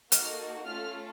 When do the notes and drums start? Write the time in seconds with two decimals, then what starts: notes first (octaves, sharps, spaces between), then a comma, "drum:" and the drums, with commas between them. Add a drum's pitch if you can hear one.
0.12 A#3 D#4 F#4 A4 F6, drum: hi-hat
0.66 A3 C#4 F4 A4 F6